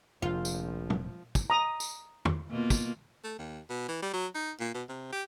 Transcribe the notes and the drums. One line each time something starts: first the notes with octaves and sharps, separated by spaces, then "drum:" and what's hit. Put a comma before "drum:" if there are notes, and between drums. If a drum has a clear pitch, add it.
F1 A#1 F2 F3 F4
drum: tambourine
drum: tom
drum: kick, tambourine
A#5 D#6
drum: tambourine
drum: tom
B2 A#3 F4
drum: kick, tambourine
A3
D#2
B2
E3
G3
F#3
D#4
A#2
B2
C3
G4